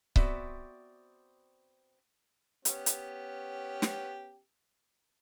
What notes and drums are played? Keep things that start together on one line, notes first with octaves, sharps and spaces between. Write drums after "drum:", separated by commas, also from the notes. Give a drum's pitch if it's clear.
B3 C4 F#4 D5 E5, drum: kick C#1
B3 C#4 G4, drum: hi-hat
drum: hi-hat
drum: snare